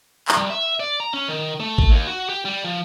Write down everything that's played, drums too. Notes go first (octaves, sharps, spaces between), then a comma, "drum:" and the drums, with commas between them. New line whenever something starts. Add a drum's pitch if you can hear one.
drum: clap
G3
E5
D5
A#5
C#4
D#3
A3
drum: kick G#1
D#2
F#4
G4
G3
F3